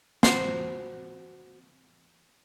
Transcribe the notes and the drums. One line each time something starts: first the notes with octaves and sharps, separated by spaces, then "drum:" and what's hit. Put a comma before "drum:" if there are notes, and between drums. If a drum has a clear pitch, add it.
F#4 C5, drum: snare